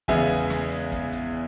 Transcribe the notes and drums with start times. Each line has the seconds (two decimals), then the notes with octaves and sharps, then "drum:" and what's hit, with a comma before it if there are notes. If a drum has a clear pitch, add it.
0.08 E2 C#3 G#3 B3 E5 G#5, drum: kick, hi-hat
0.50 drum: snare
0.71 drum: hi-hat
0.92 drum: kick, hi-hat
1.12 drum: hi-hat